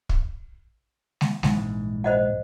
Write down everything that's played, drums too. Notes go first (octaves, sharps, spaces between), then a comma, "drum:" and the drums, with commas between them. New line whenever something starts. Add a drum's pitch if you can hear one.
drum: kick
drum: snare
A#1 G#2 E3, drum: snare
C5 D#5 F#5